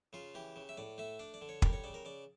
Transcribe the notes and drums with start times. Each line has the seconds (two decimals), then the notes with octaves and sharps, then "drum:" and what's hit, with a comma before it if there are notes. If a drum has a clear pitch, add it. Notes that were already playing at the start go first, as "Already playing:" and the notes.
0.13 C#3 F4
0.35 E3 G4
0.56 C#3
0.69 E5
0.77 A2 D5
0.98 A3 E5
1.19 D4 D5
1.34 D5
1.41 D3
1.49 C#5
1.62 G3 A#4, drum: kick
1.73 C#5
1.84 C#3 D5
1.94 A#4
2.05 C#3 D5